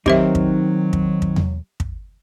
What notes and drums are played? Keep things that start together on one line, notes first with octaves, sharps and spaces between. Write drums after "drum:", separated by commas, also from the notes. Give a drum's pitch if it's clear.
D#3 F#3 C4 D#4 G4 C5 E5, drum: kick
drum: kick
drum: kick
drum: kick
drum: tom E2
drum: kick